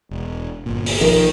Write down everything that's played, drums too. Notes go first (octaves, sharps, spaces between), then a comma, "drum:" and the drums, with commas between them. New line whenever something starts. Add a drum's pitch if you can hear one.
E1
G1 A#2
drum: open hi-hat
B1 D#3 F3